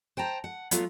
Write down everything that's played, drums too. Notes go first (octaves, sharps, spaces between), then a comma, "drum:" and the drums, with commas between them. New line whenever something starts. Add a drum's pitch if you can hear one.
C5 G5 A5 A#5
F#5
F#3 A3 B3 F4, drum: hi-hat